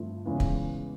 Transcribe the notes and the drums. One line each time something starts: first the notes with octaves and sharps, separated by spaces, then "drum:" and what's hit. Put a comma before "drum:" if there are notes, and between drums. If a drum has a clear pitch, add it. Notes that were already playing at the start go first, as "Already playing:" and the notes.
Already playing: G2 D3 F3 A3 C4
E2 C#3 E3 G#3 C#4
drum: kick